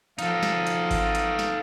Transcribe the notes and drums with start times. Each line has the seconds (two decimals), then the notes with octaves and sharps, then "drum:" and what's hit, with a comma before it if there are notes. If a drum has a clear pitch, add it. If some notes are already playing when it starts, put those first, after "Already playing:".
0.19 F3 D#4 A4 F5, drum: hi-hat
0.43 drum: snare
0.67 drum: hi-hat
0.91 drum: kick G#1, open hi-hat
1.15 drum: hi-hat
1.39 drum: snare